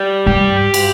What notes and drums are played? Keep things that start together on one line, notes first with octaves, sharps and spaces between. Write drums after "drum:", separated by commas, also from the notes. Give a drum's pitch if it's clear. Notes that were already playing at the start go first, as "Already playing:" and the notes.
Already playing: G3
G2 G4
drum: cymbal